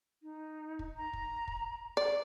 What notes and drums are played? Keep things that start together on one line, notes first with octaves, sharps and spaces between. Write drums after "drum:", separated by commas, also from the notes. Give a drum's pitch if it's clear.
D#4
drum: kick
A#5
drum: kick
drum: kick
D5